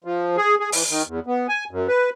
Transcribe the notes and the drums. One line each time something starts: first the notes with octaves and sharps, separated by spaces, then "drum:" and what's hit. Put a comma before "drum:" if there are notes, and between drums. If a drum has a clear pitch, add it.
F3
G#4
G#4
E3, drum: open hi-hat
D#3
E2
B3
G#5
F#2
B4